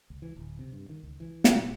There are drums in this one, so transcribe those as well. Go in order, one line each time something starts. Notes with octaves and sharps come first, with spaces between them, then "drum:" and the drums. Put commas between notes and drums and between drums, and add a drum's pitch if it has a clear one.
C#2
E3
D1
C3
G2
D#3
C#2
E3
C#3, drum: snare
B2